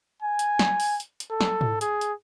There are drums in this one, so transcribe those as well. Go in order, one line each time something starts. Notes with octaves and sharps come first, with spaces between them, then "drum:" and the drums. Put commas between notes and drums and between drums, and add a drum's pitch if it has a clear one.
G#5
drum: hi-hat
drum: snare
drum: open hi-hat
drum: hi-hat
drum: hi-hat
A4
drum: snare
drum: tom G#2
G#4, drum: hi-hat
drum: hi-hat